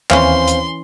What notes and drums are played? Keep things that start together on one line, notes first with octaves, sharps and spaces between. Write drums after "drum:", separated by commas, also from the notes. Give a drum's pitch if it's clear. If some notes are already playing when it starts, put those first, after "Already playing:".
D#2 E3 C4 C#4 C5 F5 C6, drum: clap
drum: hi-hat